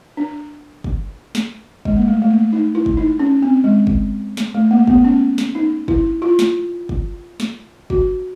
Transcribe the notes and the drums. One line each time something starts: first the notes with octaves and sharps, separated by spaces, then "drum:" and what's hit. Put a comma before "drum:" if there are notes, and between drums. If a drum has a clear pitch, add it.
D4
drum: kick
drum: snare
G#3, drum: kick
A#3
A3
A3
A#3
D#4
E4
drum: kick
D#4
C#4
C4
G#3
drum: kick
drum: snare
A3
A#3
B3, drum: kick
C#4
drum: snare
D#4
E4, drum: kick
F4
drum: snare
drum: kick
drum: snare
F#4, drum: kick